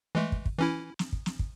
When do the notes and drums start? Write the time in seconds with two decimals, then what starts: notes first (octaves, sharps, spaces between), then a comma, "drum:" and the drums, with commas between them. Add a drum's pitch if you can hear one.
0.15 E3 G#3 A3
0.32 drum: kick
0.46 drum: kick
0.59 E3 C#4 E4
0.99 drum: snare
1.13 drum: kick
1.26 drum: snare
1.39 drum: kick